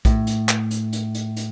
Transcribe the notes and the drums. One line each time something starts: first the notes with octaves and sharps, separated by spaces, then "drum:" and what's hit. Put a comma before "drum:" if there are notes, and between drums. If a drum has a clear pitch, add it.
A2, drum: kick A#1, hi-hat
drum: hi-hat
drum: clap
drum: hi-hat
drum: hi-hat
drum: hi-hat
drum: hi-hat